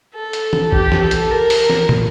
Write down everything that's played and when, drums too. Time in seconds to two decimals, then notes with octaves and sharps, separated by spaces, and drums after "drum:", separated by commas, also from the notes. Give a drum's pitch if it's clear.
0.14 A4
0.33 drum: hi-hat
0.53 drum: tom
0.72 G4, drum: kick
0.92 drum: snare
1.01 A4
1.11 drum: hi-hat
1.30 A#4
1.50 drum: open hi-hat
1.70 drum: snare
1.89 drum: tom